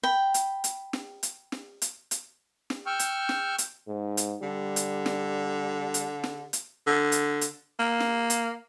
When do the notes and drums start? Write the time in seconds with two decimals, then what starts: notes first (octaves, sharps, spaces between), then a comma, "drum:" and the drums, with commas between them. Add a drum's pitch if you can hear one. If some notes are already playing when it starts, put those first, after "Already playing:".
0.03 G5 B5
0.34 drum: hi-hat
0.64 drum: hi-hat
0.93 drum: snare
1.23 drum: hi-hat
1.52 drum: snare
1.82 drum: hi-hat
2.11 drum: hi-hat
2.70 drum: snare
2.86 G5 C#6 E6 F6 G6
2.99 drum: hi-hat
3.29 drum: snare
3.58 drum: hi-hat
3.88 G#2
4.17 drum: hi-hat
4.42 D3 G3
4.76 drum: hi-hat
5.06 drum: snare
5.94 drum: hi-hat
6.24 drum: snare
6.53 drum: hi-hat
6.87 D3
7.12 drum: hi-hat
7.41 drum: hi-hat
7.79 A#3
8.00 drum: snare
8.30 drum: hi-hat